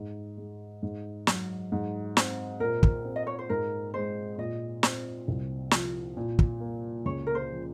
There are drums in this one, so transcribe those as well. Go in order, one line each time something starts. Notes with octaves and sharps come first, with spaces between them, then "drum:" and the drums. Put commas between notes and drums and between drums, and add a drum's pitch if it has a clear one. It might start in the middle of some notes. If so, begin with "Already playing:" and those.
Already playing: G#2
G#3
G#2
F#3, drum: snare
G#2
C4, drum: snare
A#2 A#4
drum: kick
C4
D#5
C#5
C5
G#2 A#4
G#3 C5
A#2 D#5
C4, drum: snare
C2
F3, drum: snare
A#2
drum: kick
A#3
C#2 C#5
A#4
C5
F3